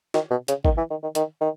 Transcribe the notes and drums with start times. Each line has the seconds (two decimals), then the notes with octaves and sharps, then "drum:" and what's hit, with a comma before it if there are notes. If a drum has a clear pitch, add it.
0.14 D#3, drum: snare
0.31 B2
0.48 C#3, drum: hi-hat
0.65 D#3, drum: kick
0.77 E3
0.90 D#3
1.03 D#3
1.15 D#3, drum: hi-hat
1.41 D#3